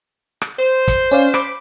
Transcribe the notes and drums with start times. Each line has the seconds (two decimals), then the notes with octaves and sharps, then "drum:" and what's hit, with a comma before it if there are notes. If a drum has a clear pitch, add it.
0.42 drum: rim click
0.59 C5
0.88 drum: kick, hi-hat
1.11 C#4 D5 F5
1.34 B5 D6, drum: rim click